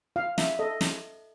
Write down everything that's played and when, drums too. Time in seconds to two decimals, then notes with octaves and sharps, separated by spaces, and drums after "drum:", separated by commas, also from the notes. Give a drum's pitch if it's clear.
0.16 F4 F5
0.38 F4 E5, drum: snare
0.59 A4 D#5
0.81 drum: snare